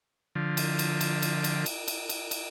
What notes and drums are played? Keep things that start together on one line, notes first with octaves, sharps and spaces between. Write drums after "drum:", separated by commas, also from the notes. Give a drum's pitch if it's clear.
D3 F3
drum: cymbal
drum: cymbal
drum: cymbal
drum: cymbal
drum: cymbal
drum: cymbal
drum: cymbal
drum: cymbal
drum: cymbal